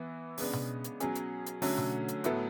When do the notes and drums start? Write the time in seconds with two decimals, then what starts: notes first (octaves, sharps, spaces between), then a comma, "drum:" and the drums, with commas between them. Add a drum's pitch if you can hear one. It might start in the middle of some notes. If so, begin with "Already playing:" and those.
Already playing: E3 B3 E4
0.38 C#3 G#3 B3 D4, drum: open hi-hat
0.53 drum: tom B2
0.84 drum: hi-hat
1.00 B2 F#3 C#4 G#4, drum: hi-hat
1.15 drum: hi-hat
1.46 drum: hi-hat
1.62 D3 F#3 A3 C#4, drum: open hi-hat
1.77 drum: tom B2
2.08 drum: hi-hat
2.24 A2 F#3 B3 E4 A4, drum: hi-hat